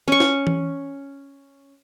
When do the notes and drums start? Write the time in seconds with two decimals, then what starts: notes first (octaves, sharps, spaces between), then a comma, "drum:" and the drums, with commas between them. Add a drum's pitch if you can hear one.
0.08 C#4 C#6
0.20 drum: snare
0.47 drum: tom E3